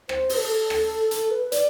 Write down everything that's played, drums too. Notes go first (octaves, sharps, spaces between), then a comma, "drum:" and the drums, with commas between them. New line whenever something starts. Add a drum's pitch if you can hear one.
C5, drum: rim click
drum: open hi-hat
A4
drum: rim click
drum: hi-hat
B4
D5, drum: hi-hat